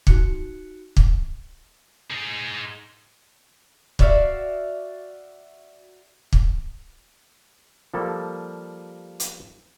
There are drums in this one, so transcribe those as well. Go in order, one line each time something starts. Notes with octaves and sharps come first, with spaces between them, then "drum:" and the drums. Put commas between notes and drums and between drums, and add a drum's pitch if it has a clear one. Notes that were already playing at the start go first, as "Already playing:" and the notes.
D#4 F#4 F#6 C#7, drum: kick
drum: kick
G#3 D#4
F#4 D5 E5 F5, drum: kick
drum: kick
F3 G3 A#3 A4
drum: hi-hat